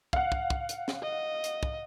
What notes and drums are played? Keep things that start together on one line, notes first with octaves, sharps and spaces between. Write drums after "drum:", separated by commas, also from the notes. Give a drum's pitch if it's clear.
F5 F#5, drum: kick
drum: kick
drum: kick
drum: hi-hat
drum: snare
D#5
drum: hi-hat
drum: kick